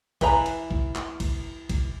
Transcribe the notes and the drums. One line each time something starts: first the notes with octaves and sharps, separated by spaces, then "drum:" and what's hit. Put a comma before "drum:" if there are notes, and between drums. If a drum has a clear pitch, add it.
E3 B4 A#5, drum: kick, cymbal
drum: cymbal
drum: kick
drum: clap
drum: kick, cymbal
drum: kick, cymbal